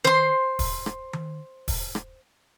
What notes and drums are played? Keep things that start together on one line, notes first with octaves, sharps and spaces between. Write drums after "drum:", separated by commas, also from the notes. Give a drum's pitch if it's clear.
C5 C6, drum: tom D#3
drum: kick, open hi-hat
drum: rim click
drum: tom D#3
drum: kick, open hi-hat
drum: rim click